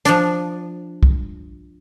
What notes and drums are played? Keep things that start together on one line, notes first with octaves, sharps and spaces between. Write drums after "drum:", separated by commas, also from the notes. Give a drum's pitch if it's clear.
F3 D4, drum: hi-hat
drum: kick